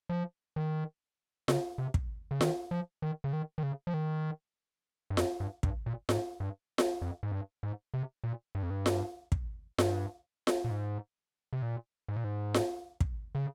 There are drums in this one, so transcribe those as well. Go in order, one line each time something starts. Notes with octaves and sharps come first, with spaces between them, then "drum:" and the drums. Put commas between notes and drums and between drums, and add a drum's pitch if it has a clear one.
F3
D#3
C#3, drum: snare F4
C3
drum: kick
C#3
D#3, drum: snare F4
F3
D#3
C#3
D#3
D#3
C#3
F3
D#3
G2
F2, drum: snare F4
G2
G2, drum: kick
A#2
G#2, drum: snare F4
G2
drum: snare F4
F2
G#2
G2
G#2
C3
A#2
G2
F2
G2
drum: snare F4
drum: kick
G2, drum: snare F4
drum: snare F4
A#2
G#2
C3
A#2
G#2
A#2
G#2
drum: snare F4
drum: kick
C#3